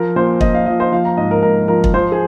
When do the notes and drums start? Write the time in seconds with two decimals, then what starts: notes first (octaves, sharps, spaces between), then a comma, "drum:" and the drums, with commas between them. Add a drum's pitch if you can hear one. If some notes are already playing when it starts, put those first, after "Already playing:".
Already playing: F3 A#4
0.16 A#2 C5
0.41 A#2 D#5, drum: kick
0.55 F5
0.66 F3 D#5
0.80 C5
0.92 F3 F5
1.05 A#5
1.17 G#2 D#5
1.31 A#4
1.43 G#2 A#4
1.68 F3 A#4
1.84 drum: kick
1.94 F3 C5
2.12 G#4